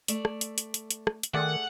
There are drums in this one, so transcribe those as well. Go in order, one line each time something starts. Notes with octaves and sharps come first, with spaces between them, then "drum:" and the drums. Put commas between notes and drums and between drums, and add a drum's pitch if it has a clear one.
A3 D5, drum: hi-hat
drum: rim click
drum: hi-hat
drum: hi-hat
drum: hi-hat
drum: hi-hat
drum: rim click
drum: hi-hat
D#3 A3 G#4 D5 F#5